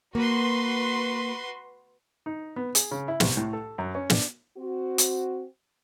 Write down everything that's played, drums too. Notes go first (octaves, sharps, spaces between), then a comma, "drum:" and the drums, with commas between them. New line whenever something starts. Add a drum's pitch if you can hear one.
A#3 F#4 B4 C6
D#4
B3
G#4, drum: hi-hat
C#3
E4
C2, drum: snare
A2
A4
F#2
C#4
D4, drum: snare
C4 F#4
drum: hi-hat